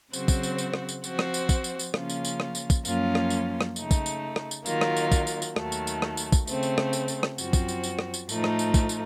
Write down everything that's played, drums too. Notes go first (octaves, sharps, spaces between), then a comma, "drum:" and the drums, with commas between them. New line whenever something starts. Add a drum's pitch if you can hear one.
C#3 F#3 C4 F#4 C5, drum: tambourine
drum: kick, tambourine
drum: tambourine
drum: tambourine
drum: rim click
drum: tambourine
F3 C4 F#4 C5, drum: tambourine
drum: rim click
drum: tambourine
drum: kick, tambourine
drum: tambourine
drum: tambourine
C#3 F3 A#3 C#4 F4, drum: rim click
drum: tambourine
drum: tambourine
drum: rim click
drum: tambourine
drum: kick, tambourine
F#2 F3 A#3 C#4 F4, drum: tambourine
drum: rim click
drum: tambourine
drum: rim click
C#3 A3 D#4, drum: tambourine
drum: kick, tambourine
drum: tambourine
drum: rim click
drum: tambourine
D#3 F#3 A#3 F4, drum: tambourine
drum: rim click
drum: tambourine
drum: kick, tambourine
drum: tambourine
drum: tambourine
D#2 D#3 F#3 A3, drum: rim click
drum: tambourine
drum: tambourine
drum: rim click
drum: tambourine
drum: kick, tambourine
C#3 A3 C4, drum: tambourine
drum: tambourine
drum: rim click
drum: tambourine
drum: tambourine
drum: rim click
F#2 F3 C4 F#4, drum: tambourine
drum: kick, tambourine
drum: tambourine
drum: tambourine
drum: rim click
drum: tambourine
A2 F3 A3 D#4, drum: tambourine
drum: rim click
drum: tambourine
drum: kick, tambourine
drum: tambourine